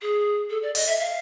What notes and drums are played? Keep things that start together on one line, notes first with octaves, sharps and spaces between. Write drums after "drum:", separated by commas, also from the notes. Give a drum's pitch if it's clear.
G#4
A4
D5
D#5, drum: open hi-hat
E5
F5